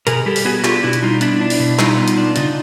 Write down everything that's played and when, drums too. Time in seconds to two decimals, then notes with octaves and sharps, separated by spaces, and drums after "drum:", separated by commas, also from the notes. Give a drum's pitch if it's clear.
0.07 B2 G#4 A#4, drum: hi-hat
0.26 G3 G4 A4
0.36 drum: open hi-hat
0.45 B3 F#4 G#4
0.64 D4 F4 G4, drum: clap
0.83 B2 E4 F#4
0.93 drum: hi-hat
1.03 G3 D#4 F4
1.21 B3 D4 E4, drum: hi-hat
1.41 D4
1.50 drum: open hi-hat
1.60 B2
1.79 G3 D#4 F4, drum: clap
1.98 B3
2.08 drum: hi-hat
2.17 D4
2.36 C#3 D#4 F4, drum: hi-hat